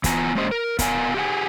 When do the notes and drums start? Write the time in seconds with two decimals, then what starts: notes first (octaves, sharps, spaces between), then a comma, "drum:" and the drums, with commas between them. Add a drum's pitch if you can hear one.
0.04 E3 B3 F4 G#5 A#5, drum: kick C#1, hi-hat
0.35 G#3 A#3 C#4 G4 C5 D#5
0.51 A#4
0.79 B3 A#4 F5 G#5, drum: kick C#1, hi-hat
1.15 G4 G#4 E5 F#5 G#5